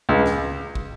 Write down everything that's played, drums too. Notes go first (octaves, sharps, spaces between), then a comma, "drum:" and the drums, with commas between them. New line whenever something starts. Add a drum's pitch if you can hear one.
C#2
drum: snare
drum: kick